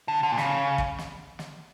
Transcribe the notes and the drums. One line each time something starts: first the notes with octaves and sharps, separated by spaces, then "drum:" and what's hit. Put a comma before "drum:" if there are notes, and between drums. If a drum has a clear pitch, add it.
D3
D3
A#2
C#3, drum: snare
drum: kick
drum: snare
drum: snare